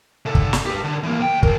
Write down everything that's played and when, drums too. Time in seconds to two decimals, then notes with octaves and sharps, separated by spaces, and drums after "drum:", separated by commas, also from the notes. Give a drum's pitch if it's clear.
0.25 C3 A4
0.35 drum: kick
0.53 drum: snare
0.66 G4 B4
0.84 D3
1.03 E3 A#3
1.20 C#2 G5
1.43 G#4 A#4, drum: kick